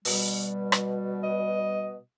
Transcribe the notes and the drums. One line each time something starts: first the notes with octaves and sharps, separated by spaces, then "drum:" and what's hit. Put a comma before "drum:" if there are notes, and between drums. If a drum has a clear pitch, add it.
B2 G3, drum: open hi-hat
drum: rim click
D#5